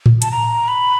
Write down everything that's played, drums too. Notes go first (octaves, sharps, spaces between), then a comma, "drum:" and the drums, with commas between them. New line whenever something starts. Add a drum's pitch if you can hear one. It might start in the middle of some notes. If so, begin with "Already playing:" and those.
drum: tom A2
A5, drum: hi-hat
A#5
B5